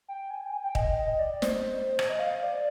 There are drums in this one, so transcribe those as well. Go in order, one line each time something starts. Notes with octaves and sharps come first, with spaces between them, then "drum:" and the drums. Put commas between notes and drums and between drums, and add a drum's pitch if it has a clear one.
G5
G#5
G5
G#5
G5
D#5, drum: kick D#1
D#5
D5
C5, drum: snare
drum: rim click
D#5
F5
D5